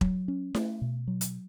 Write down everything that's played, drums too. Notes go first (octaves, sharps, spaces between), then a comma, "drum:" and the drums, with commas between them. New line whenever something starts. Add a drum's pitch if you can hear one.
F#3, drum: kick E1
C#4
A3, drum: snare E4
B2
F#3
drum: hi-hat